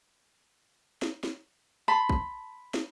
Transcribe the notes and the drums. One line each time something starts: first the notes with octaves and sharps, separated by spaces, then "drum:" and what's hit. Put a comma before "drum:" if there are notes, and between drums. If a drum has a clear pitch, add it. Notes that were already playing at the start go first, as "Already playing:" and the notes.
drum: snare
drum: snare
A5 B5 C6
drum: kick A1
drum: snare